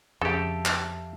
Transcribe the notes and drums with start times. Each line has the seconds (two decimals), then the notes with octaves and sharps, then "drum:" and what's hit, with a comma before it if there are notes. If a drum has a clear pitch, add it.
0.21 F2 C#3 G4 A4 E5 F5 A5
0.66 drum: clap